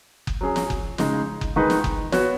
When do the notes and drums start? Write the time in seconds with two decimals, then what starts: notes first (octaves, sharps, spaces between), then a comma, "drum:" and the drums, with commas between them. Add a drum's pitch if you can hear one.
0.27 drum: kick F#1
0.41 F#3 C#4 G#4
0.56 drum: snare
0.70 drum: kick F#1
0.98 C#3 G#3 D#4 G#4, drum: snare
1.41 drum: kick F#1
1.56 D#3 G#3 D#4 B4
1.70 drum: snare
1.84 drum: kick F#1
2.12 B3 F#4 C#5, drum: snare